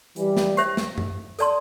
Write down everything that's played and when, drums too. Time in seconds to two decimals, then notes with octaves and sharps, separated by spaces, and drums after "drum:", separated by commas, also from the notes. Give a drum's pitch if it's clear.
0.16 E3 G3, drum: hi-hat
0.37 drum: snare
0.57 G4 C5 E5, drum: hi-hat
0.77 drum: snare
0.98 drum: tom F#2
1.39 A4 D5 A5 C6, drum: hi-hat